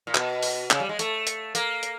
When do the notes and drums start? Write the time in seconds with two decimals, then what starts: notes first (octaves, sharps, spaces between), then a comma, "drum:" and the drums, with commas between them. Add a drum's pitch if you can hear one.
0.07 A#2
0.15 B2, drum: clap
0.43 drum: open hi-hat
0.70 C#3, drum: clap
0.80 G3
0.89 G#3
0.99 A3, drum: hi-hat
1.27 drum: hi-hat
1.55 A#3, drum: hi-hat
1.83 drum: hi-hat